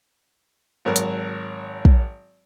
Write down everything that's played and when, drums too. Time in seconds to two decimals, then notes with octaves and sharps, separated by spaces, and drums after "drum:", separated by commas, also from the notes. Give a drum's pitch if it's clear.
0.85 G#1 F#3 A#4
0.96 drum: hi-hat
1.85 drum: kick